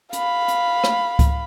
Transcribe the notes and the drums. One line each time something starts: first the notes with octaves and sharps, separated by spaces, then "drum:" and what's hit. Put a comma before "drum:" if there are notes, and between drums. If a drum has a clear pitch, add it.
F5 B5, drum: hi-hat
drum: hi-hat
drum: rim click
drum: kick C#2, hi-hat